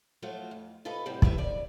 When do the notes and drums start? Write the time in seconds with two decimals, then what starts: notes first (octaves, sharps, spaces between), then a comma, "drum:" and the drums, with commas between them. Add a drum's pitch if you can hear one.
0.22 F3 F#3 A3 F4 F#4
0.51 F2
0.85 C3 F4 A4 B4 D#5
1.06 A2 C3 G3 C4 F#4
1.22 D#2 A2 C3 G4 B4 E5, drum: kick
1.38 D#2 C#3 D5